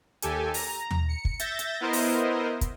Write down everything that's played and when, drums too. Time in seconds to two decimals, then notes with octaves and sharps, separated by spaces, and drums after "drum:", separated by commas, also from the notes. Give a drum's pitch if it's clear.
0.22 D#2 G4 A4 G#5, drum: hi-hat
0.54 A#5, drum: open hi-hat
0.91 drum: tom D#2
1.09 C#7
1.25 drum: kick
1.40 E5 G6 A6 A#6, drum: hi-hat
1.59 drum: hi-hat
1.80 B3 E4 A#4 C5 D#5
1.93 drum: open hi-hat
2.61 drum: kick, hi-hat